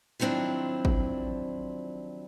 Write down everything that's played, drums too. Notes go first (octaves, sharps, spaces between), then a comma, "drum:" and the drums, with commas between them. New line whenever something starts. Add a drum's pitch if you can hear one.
D#3 F3 F#3 C4 D4 E4
drum: kick G#1